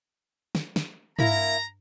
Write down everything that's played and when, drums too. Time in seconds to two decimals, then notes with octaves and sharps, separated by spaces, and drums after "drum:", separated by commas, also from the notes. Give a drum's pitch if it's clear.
0.55 drum: snare
0.76 drum: snare
1.19 A#3 E4 A#5, drum: tom